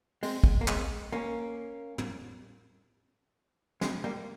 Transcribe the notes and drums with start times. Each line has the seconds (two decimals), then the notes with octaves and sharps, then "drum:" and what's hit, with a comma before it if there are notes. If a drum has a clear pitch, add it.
0.23 G#3 C4, drum: open hi-hat
0.44 drum: kick
0.61 A#3
0.68 G#3 C4, drum: clap
1.12 A#3 C#4
1.98 drum: tom
3.81 G#3 C4, drum: snare
4.04 G3 A#3